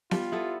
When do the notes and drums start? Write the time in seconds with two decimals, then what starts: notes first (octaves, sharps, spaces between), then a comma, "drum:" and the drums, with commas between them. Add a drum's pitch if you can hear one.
0.11 G3 F4, drum: snare B3
0.32 B3 E4 A4